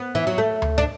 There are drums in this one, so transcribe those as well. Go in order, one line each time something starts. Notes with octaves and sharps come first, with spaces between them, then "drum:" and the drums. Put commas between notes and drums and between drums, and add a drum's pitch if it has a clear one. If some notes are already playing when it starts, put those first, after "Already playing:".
Already playing: B3
E3
F#3
A3
drum: tom D2
D4